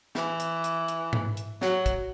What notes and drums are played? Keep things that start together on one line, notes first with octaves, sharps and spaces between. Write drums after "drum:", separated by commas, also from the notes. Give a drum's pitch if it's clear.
E3, drum: snare
drum: hi-hat
drum: hi-hat
drum: hi-hat
drum: tom G#2
drum: hi-hat
F#3, drum: snare
drum: kick, hi-hat